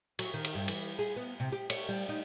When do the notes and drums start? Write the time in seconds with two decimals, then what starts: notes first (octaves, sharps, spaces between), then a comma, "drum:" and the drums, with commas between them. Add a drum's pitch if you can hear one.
0.19 F#3, drum: cymbal
0.34 D#3
0.45 drum: cymbal
0.55 G2
0.68 E3, drum: cymbal
0.99 G#4
1.16 B3
1.40 C3
1.52 G4
1.70 C#5, drum: cymbal
1.89 G3
2.09 D#4